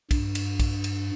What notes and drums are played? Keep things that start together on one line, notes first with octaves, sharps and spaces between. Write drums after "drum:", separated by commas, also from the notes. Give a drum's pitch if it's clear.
G2, drum: kick, cymbal
drum: cymbal
drum: kick, cymbal
drum: cymbal